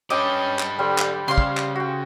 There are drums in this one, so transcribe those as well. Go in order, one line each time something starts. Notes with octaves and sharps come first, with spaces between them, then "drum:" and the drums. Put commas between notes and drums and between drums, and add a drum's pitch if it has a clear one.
C#4 G4 B4 D#5 G5 D6
drum: clap
D3 G3 C5
drum: clap
C#3 G3 C5 F5 C6
drum: kick
drum: clap
F#4 G5